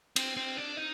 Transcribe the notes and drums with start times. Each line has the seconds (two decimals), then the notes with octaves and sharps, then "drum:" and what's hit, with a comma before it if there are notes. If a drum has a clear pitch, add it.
0.16 C4, drum: cymbal
0.37 C4
0.57 D4
0.77 D#4